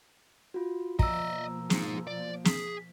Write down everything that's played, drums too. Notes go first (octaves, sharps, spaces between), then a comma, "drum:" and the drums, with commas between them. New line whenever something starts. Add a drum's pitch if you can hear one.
F4 F#4
B2 F3 A#3 D5 D#5 A#5 E6, drum: kick
D#4 G#4, drum: snare
D5
G#4 B6, drum: snare